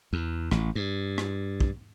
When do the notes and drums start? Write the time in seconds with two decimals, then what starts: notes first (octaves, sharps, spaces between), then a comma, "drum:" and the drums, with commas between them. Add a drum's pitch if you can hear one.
0.13 E2
0.51 A1, drum: rim click
0.75 G2
1.18 drum: rim click
1.60 drum: kick